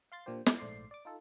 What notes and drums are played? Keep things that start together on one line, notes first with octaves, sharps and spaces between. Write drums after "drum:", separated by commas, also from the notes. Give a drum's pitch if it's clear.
F5 C6 A6
A#2 F3 D4 G4 C5
E3 F3 A3, drum: snare
A#1 G#2 A3 C5 D5 C7
D5 D6
D#4 F4 A4